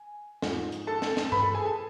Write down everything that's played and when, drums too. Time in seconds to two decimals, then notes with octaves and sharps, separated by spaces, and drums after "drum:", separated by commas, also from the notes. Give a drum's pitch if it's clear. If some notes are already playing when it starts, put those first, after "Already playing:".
Already playing: G#5
0.42 G#2 F3, drum: snare
0.72 drum: hi-hat
0.87 A4 A5
1.02 drum: snare
1.17 drum: snare
1.32 B4 B5, drum: tom G2
1.43 A4 A5
1.54 G#4 G#5
1.65 A4 A5